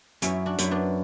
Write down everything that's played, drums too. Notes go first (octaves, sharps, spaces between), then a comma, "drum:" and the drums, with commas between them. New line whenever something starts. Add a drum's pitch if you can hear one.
F#2 C#4 E4, drum: hi-hat
D4 F#4
F#2, drum: hi-hat
E4
B3 D4